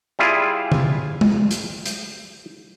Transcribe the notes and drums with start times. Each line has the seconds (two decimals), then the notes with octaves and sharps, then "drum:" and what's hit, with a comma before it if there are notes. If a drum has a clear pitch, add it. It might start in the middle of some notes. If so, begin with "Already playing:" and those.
0.19 G3 E4 F4 G#4
0.72 drum: tom D3
1.21 drum: tom
1.51 drum: hi-hat
1.86 drum: hi-hat